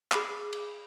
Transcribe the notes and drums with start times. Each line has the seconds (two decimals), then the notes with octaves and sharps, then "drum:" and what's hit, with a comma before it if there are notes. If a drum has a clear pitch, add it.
0.12 G#4 B5 D6, drum: clap
0.53 drum: cymbal